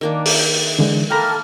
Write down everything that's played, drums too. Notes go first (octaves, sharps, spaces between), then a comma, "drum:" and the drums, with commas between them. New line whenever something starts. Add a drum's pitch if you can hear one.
D#3 A#3 D4
G5, drum: open hi-hat
D3 E3 G#3
A#3 A4 G5 A#5 B5 F6